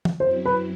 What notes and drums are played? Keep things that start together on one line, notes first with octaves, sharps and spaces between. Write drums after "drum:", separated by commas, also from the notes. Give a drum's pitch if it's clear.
drum: tom
F#2 F#3 C4 E4 C5
B4